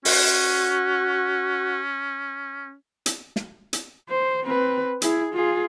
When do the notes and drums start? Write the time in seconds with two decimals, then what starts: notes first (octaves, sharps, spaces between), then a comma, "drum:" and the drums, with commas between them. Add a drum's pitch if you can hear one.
0.05 C#4 F#4, drum: open hi-hat
3.06 drum: hi-hat
3.36 drum: snare
3.73 drum: hi-hat
4.09 C5
4.43 C4 B4
5.02 E4 G#4, drum: hi-hat
5.34 F4 G#4